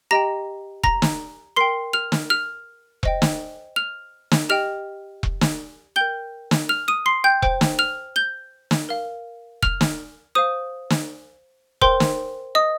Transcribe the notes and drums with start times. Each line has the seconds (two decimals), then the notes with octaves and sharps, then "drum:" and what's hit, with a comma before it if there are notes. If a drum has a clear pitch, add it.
0.11 G4 D#5 G5 A#5 A#6
0.84 A#5 A#6, drum: kick E1
1.02 drum: snare
1.56 A#4 G5 C6 C7
1.93 F6 F7
2.12 drum: snare
2.30 F6 F7
3.03 C5 D#5 G5, drum: kick E1
3.22 drum: snare
3.76 F6 F7
4.31 drum: snare
4.49 G4 D#5 G5 F6 F7
5.23 drum: kick E1
5.41 drum: snare
5.96 A#4 G5 G6 G7
6.51 drum: snare
6.69 F6 F7
6.88 D#6 D#7
7.06 C6 C7
7.24 G5 G6
7.42 C5 G5, drum: kick E1
7.61 drum: snare
7.79 F6 F7
8.16 G6 G7
8.71 drum: snare
8.89 A#4 F5
9.63 F6 F7, drum: kick E1
9.81 drum: snare
10.35 C5 F5 D#6 D#7
10.90 drum: snare
11.81 A#4 C5 G5 C6, drum: kick E1
12.00 drum: snare
12.55 D#5 D#6